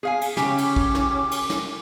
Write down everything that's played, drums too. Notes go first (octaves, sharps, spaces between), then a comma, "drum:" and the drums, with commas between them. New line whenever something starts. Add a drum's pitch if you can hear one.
G#4 F5 G#5
drum: cymbal
C#3 C#4 G4 D6, drum: snare
drum: cymbal
drum: kick
drum: snare
drum: cymbal
drum: snare